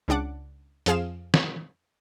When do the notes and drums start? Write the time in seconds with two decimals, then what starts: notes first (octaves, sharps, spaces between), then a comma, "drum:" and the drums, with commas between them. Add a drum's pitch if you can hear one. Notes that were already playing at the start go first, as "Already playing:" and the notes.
0.08 C#2 C#3 D4 F#5 D6
0.86 F2 F3 G#4 F5 E7, drum: hi-hat
1.34 drum: snare